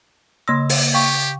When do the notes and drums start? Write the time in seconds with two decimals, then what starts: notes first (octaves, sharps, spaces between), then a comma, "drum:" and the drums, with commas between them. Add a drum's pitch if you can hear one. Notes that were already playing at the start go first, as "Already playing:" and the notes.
0.48 C#3 A#3 C6 E6 A#6
0.69 drum: open hi-hat
0.94 G4 F5 G5 C#6